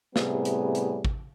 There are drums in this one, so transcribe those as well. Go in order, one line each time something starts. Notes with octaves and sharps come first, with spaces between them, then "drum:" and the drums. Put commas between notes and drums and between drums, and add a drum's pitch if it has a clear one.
A2 C3 G3 B3 G#4, drum: snare
drum: hi-hat
drum: hi-hat
drum: kick